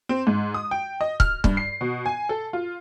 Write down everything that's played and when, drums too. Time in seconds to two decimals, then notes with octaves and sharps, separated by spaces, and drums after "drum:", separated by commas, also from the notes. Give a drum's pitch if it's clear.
0.09 C4
0.27 G#2
0.54 D#6
0.71 G5
1.01 D#5
1.20 F6, drum: kick
1.44 G2, drum: kick
1.57 C7
1.81 B2
2.06 G#5
2.29 A4
2.53 F4